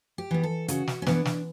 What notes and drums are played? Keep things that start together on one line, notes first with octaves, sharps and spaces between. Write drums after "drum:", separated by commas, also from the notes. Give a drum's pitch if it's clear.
G4
E3 B3
A4
C#3 F#4, drum: hi-hat
drum: snare
C#4
E3 B3 D4, drum: snare
drum: snare